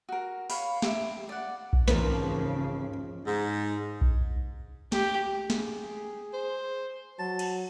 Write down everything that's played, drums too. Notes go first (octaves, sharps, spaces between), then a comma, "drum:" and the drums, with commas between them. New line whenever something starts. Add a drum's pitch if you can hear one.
F#4 A#4
C#5 F5 B5, drum: open hi-hat
G4 E5, drum: snare
D5 F#5
drum: kick B1
D#2 G#2 C#3 E3 F3 C4 A#4 B4, drum: snare
G#2
drum: kick B1
G4, drum: snare
G#4, drum: snare
C5
F#3 A5
drum: cymbal